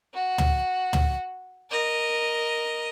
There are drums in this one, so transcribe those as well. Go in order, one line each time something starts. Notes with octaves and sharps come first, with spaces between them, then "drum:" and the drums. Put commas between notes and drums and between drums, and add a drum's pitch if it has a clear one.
F#4
drum: tom
drum: tom
A#4 D#5